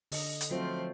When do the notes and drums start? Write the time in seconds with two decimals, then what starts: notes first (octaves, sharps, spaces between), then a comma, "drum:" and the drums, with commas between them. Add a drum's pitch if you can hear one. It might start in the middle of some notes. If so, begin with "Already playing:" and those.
0.12 D3 D#5, drum: open hi-hat
0.41 drum: hi-hat
0.51 F3 F#3 A3 C4 F4 C5